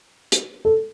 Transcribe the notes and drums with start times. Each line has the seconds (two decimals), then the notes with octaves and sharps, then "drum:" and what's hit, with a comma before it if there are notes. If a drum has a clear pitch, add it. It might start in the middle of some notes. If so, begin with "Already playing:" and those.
0.32 drum: hi-hat
0.65 A4